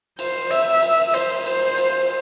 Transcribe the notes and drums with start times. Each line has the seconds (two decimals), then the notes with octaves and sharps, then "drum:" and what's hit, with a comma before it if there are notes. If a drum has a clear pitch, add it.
0.19 C5, drum: cymbal
0.51 E5, drum: cymbal
0.83 drum: cymbal
1.14 C5, drum: cymbal
1.46 C5, drum: cymbal
1.78 drum: cymbal